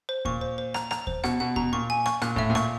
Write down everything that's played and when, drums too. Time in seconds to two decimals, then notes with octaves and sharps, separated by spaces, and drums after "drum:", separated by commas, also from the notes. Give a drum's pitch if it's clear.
0.09 C5
0.25 A#2 C#6, drum: kick D#2
0.41 C5
0.58 C5
0.74 A#5, drum: rim click
0.91 A#5, drum: rim click
1.07 C5, drum: kick D#2
1.24 B2 F#5, drum: rim click
1.40 B2 F#5
1.56 B2 A#5, drum: kick D#2
1.72 A#2 C#6
1.90 G#5
2.06 C#6, drum: rim click
2.21 A#2 F#6, drum: rim click
2.36 A2 E5, drum: kick D#2
2.50 A#2
2.55 C#6, drum: rim click